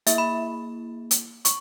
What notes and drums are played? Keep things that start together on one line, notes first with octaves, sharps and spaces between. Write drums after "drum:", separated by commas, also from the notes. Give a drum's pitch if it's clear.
A#3 E4 G#4 E5, drum: hi-hat
B5
drum: hi-hat
C#6, drum: hi-hat